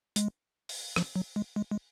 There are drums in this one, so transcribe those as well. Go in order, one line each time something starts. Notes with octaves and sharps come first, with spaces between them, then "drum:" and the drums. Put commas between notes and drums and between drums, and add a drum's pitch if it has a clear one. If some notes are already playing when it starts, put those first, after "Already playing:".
G#3, drum: hi-hat
drum: open hi-hat
F3, drum: rim click
F#3
G#3
G#3
G#3